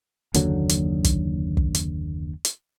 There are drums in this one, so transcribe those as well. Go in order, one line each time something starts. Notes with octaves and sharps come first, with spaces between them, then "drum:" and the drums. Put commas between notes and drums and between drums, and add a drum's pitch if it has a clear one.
F#1 D#2 D3 F#3, drum: hi-hat
drum: hi-hat
drum: kick, hi-hat
drum: kick
drum: hi-hat
drum: hi-hat